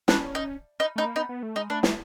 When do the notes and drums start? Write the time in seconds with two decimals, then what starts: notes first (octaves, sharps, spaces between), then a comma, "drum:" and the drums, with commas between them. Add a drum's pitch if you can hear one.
0.08 C#4 D4, drum: snare
0.35 D#4
0.80 D#4
0.96 A3 D#4
1.06 A#3
1.16 B3 D#4
1.29 B3
1.43 A3
1.56 G#3 D#4
1.70 A3 D4
1.83 drum: snare